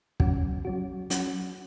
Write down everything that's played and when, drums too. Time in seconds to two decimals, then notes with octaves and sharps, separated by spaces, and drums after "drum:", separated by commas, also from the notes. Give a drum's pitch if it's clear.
0.20 F#3 C#4 F#4, drum: kick
0.65 F#3 C#4 F#4
1.10 F#3 C#4 F#4, drum: hi-hat